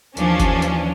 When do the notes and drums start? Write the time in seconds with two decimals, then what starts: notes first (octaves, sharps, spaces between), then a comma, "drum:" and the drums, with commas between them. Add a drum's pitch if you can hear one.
0.17 D#2 E3 F3 C#4 D4, drum: hi-hat
0.40 drum: kick F#1, hi-hat
0.62 drum: hi-hat